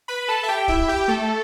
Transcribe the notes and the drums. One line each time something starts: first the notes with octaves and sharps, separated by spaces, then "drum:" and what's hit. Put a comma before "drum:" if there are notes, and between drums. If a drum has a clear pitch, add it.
B4 B5
A4 A5
E5
G4 G5
E4 E5, drum: kick
G4 G5
A3 A4